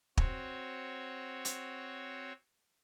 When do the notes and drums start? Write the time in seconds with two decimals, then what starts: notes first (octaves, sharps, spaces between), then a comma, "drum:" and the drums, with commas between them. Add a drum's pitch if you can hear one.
0.17 C4 F#4 C#5, drum: kick
1.45 drum: hi-hat